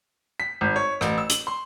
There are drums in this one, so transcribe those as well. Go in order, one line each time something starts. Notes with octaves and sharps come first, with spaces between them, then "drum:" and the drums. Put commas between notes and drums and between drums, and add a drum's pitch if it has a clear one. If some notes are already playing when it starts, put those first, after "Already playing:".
B6
G#1
C#5
A1, drum: rim click
E6
F#7, drum: hi-hat
C6